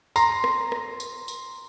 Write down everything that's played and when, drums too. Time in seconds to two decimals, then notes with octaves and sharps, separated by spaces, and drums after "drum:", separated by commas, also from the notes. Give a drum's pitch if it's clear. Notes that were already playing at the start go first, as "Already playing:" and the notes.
0.16 A#5 C6, drum: tambourine
0.44 drum: rim click
0.72 drum: rim click
1.00 drum: tambourine
1.28 drum: tambourine